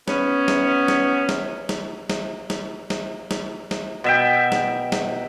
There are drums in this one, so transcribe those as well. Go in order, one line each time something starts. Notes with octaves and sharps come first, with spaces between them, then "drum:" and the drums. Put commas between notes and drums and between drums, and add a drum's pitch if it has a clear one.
B3 C#4, drum: snare
drum: snare
drum: snare
drum: snare
drum: snare
drum: snare
drum: snare
drum: snare
drum: snare
drum: snare
B2 E5 G5
drum: snare
drum: snare